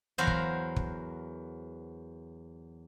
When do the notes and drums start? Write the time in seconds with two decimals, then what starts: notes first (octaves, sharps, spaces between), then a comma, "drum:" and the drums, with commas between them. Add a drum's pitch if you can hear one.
0.18 E2 F#3 F#4 A#4 C5 F5
0.27 drum: kick
0.76 drum: kick